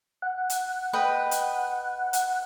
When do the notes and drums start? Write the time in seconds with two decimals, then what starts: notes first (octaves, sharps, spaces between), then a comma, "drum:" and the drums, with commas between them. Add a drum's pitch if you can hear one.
0.22 F#5
0.50 drum: hi-hat
0.93 B4 D#5 G5
1.31 drum: hi-hat
2.13 drum: hi-hat